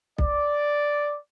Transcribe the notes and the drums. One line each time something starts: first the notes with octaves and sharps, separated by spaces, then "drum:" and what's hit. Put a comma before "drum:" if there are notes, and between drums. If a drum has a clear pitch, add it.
D5, drum: kick B1